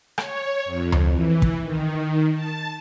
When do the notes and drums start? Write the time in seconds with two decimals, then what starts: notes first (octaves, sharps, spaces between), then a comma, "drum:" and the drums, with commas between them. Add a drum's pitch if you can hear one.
0.18 C#5, drum: rim click
0.65 F2
0.92 drum: tom D2
1.12 E3
1.42 drum: kick
1.62 D#3
2.34 A5